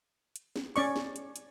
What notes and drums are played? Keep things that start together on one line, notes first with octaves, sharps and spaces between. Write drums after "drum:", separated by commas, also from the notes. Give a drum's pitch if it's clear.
drum: hi-hat
drum: snare
C#4 D5 C#6, drum: open hi-hat
drum: snare
drum: hi-hat
drum: hi-hat